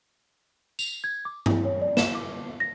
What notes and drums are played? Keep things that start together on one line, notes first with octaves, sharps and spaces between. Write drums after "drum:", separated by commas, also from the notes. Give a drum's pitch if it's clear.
F7, drum: tambourine
G#6
D6
E4, drum: tom
C#5
D5
E7, drum: snare
D6
A#6